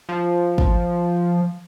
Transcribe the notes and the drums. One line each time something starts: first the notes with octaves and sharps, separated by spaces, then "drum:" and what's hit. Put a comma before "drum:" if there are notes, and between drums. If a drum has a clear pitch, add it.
F3
drum: kick